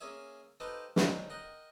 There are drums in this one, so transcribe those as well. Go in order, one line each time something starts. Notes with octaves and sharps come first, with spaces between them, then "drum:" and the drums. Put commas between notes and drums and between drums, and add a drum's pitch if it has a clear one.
A#3 C#4 G#4 E5
D#4 G4 A4 B4 C5 F5
D2 G#2 D#3 F#3, drum: snare
A#4 D#5 F#5 G5